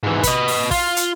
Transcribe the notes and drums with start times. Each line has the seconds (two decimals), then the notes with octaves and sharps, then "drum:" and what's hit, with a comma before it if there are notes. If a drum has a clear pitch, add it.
0.04 G#2 E3
0.23 B4 D#5, drum: kick, hi-hat
0.48 drum: open hi-hat
0.71 F4, drum: kick, open hi-hat
0.97 drum: hi-hat